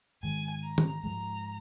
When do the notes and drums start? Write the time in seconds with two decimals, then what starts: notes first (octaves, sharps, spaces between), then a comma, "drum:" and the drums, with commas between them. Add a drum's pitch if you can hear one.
0.23 G#2 D#3 G#3 G#5
0.64 A#5
0.78 drum: tom D#3
1.04 G#2 F3 G#3 A#5